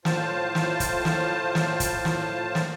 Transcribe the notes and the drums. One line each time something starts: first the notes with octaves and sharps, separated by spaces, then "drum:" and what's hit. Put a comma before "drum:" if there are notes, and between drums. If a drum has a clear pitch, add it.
A2 F4 C5 A5, drum: snare
drum: snare
drum: kick, hi-hat
drum: snare
drum: snare
drum: kick, hi-hat
drum: snare
drum: snare